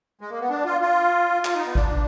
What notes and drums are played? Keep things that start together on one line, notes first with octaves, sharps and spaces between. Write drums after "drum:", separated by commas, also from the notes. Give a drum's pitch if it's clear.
G#3
A#3
B3
D4
F4
F4
F4, drum: clap
D#4
B3
D4, drum: kick G#1